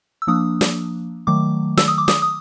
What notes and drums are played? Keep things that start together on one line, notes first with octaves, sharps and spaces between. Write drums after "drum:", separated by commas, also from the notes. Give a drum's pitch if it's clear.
E6
F3 A#3 D4 D#6
drum: snare
D#3 F#3 A3 D6
E6, drum: snare
D#6
D6
D#6, drum: snare
D#6